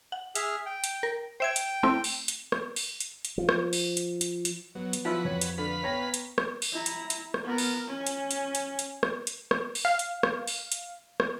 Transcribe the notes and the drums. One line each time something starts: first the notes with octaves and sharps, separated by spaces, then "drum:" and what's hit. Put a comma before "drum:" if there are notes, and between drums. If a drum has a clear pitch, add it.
F#5
G#4 E5 F6, drum: hi-hat
G5
drum: hi-hat
A#4
C5 E5 G5 G#6
drum: hi-hat
A3 C4 E4
drum: open hi-hat
drum: hi-hat
drum: rim click
drum: open hi-hat
drum: hi-hat
drum: hi-hat
F3
drum: rim click
drum: open hi-hat
drum: hi-hat
drum: hi-hat
drum: hi-hat
F#3 B3
drum: hi-hat
F3 E4 F#4 B4 E6
F2 C#5
drum: hi-hat
D3 B4 F5 B5
B3 C#5 G5 A#5 A#6
drum: hi-hat
drum: rim click
drum: open hi-hat
E4 A#5
drum: hi-hat
drum: hi-hat
drum: rim click
B3 A#4
drum: open hi-hat
C#4
drum: hi-hat
drum: hi-hat
drum: hi-hat
drum: hi-hat
drum: rim click
drum: hi-hat
drum: rim click
drum: open hi-hat
F5
drum: hi-hat
drum: rim click
drum: open hi-hat
drum: hi-hat
drum: rim click